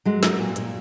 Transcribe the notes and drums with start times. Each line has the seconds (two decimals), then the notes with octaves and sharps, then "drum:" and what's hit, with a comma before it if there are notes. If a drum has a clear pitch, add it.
0.05 F#3 G#3
0.23 F#3, drum: snare
0.40 A#2
0.56 A#2, drum: hi-hat